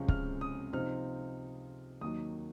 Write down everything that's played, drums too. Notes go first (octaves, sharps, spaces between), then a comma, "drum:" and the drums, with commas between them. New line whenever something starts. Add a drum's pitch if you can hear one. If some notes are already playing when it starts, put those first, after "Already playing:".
Already playing: C#2 C3 F3 G#3 C#4
F6, drum: kick
D#6
C3 F3 C4 D#4 F6
D#2 D#3 F#3 D#6